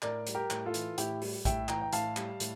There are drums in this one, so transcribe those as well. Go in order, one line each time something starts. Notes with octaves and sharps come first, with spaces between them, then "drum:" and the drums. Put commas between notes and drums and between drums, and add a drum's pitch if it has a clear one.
A2 A#4 D5, drum: clap
G3, drum: hi-hat
G4 A#4
A2, drum: clap
F4 A4
E3, drum: hi-hat
A2 E4 G4, drum: hi-hat
G3, drum: open hi-hat
A2 E5 G5, drum: kick A#1, hi-hat
E3 G5 A#5, drum: clap
G5
A2 F5 A5, drum: hi-hat
G3, drum: clap
A2, drum: hi-hat